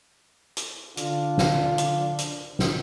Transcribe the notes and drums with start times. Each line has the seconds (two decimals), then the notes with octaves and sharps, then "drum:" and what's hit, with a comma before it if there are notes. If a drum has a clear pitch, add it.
0.57 drum: hi-hat
0.97 D3 D4 F4, drum: hi-hat
1.38 drum: snare
1.78 drum: hi-hat
2.19 drum: hi-hat
2.59 drum: snare